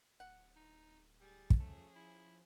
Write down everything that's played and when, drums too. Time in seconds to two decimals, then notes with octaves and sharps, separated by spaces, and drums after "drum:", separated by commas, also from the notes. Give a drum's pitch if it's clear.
0.20 D1 F#5
0.56 D#4
1.20 G3 G#4 A6
1.50 drum: kick
1.60 F3 A3 C#4 G#4
1.95 E4